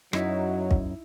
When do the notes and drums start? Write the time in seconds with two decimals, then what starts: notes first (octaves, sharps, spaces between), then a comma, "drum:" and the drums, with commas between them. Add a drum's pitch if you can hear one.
0.13 F#2 F#3 D#4 E4, drum: rim click
0.71 drum: kick